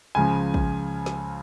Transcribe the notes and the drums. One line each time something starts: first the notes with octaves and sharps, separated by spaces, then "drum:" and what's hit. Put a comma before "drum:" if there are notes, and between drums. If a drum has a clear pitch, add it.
C#2 C#3 F3 G#5
drum: kick
drum: snare